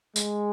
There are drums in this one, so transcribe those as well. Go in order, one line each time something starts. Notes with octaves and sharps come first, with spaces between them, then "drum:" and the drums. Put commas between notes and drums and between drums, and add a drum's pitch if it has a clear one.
G#3, drum: tambourine